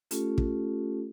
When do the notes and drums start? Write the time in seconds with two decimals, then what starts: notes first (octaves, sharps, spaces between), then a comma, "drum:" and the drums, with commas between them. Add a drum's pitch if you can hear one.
0.11 A3 C#4 F4 G4 A4, drum: hi-hat
0.38 drum: kick